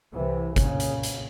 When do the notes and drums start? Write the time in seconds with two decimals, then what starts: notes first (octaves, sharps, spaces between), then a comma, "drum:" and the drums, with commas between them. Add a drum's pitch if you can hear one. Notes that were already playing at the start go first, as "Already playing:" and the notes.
0.14 C2 C3 E3
0.56 A#2 C#3, drum: kick G1, hi-hat
0.80 drum: hi-hat
1.03 drum: hi-hat